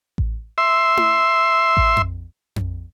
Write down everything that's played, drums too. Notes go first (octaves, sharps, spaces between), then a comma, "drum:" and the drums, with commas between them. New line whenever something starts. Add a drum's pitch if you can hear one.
drum: kick A1
E5 C6
drum: tom E4
drum: kick A1
drum: tom F2
drum: tom F2